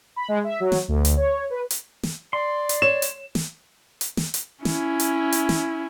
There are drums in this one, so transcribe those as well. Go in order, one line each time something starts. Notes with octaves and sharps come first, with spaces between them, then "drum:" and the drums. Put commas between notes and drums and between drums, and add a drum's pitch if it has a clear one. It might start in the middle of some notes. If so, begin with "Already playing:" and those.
B5
G#3
E5
F#3
drum: snare
D2
drum: hi-hat
C#5
B4
drum: hi-hat
drum: snare
D5 C6
drum: hi-hat
C#5 E7
drum: hi-hat
drum: snare
drum: hi-hat
drum: snare
drum: hi-hat
C#4 E4, drum: snare
drum: hi-hat
drum: hi-hat
drum: snare